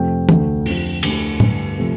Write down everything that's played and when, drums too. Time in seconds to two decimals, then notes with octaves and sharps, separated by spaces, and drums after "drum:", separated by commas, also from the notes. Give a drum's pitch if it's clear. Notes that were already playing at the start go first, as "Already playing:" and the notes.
Already playing: F2 C3 F3 A3 G5
0.29 D2 D3 A3, drum: tom E3
0.66 F2 D3 F3, drum: open hi-hat
1.03 D2 D3 A3, drum: cymbal
1.40 G2 D3 A3, drum: tom A2
1.78 C3 F3 A3